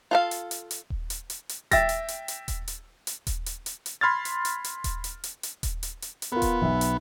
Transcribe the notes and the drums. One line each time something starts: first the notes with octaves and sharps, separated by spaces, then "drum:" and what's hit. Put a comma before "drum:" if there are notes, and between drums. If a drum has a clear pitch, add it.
F4 A4 F5
drum: hi-hat
drum: hi-hat
drum: hi-hat
drum: kick D#1
drum: hi-hat
drum: hi-hat
drum: hi-hat
E5 G5 A6 A#6, drum: kick D#1, hi-hat
drum: hi-hat
drum: hi-hat
drum: hi-hat
drum: kick D#1, hi-hat
drum: hi-hat
drum: hi-hat
drum: kick D#1, hi-hat
drum: hi-hat
drum: hi-hat
drum: hi-hat
B5 C6 F6 G#6 A6
drum: hi-hat
drum: hi-hat
drum: hi-hat
drum: kick D#1, hi-hat
drum: hi-hat
drum: hi-hat
drum: hi-hat
drum: kick D#1, hi-hat
drum: hi-hat
drum: hi-hat
drum: hi-hat
B3 F4 A#4
drum: kick D#1, hi-hat
B1 E5
drum: hi-hat